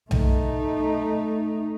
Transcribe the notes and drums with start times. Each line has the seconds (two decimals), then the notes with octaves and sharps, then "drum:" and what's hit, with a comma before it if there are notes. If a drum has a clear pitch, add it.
0.11 A3 D#4, drum: tom B1